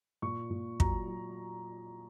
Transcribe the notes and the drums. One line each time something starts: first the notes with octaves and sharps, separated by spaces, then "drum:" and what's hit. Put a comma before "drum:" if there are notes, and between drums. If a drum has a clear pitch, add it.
A#2 C#6
A#2
F#3 A#5, drum: kick
F#3